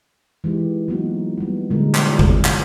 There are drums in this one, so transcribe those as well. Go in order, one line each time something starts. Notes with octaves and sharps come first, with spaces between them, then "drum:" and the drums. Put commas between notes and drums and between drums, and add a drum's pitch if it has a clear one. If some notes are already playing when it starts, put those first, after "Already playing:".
E3 G#3 D#4 G4
F#3 A#3 B3 D#4 F4 F#4
G3 B3
A#2 D3 G3 G#3 F4 A#4
drum: clap
E4 F4 G4 A4 D5
drum: kick G1
F5, drum: clap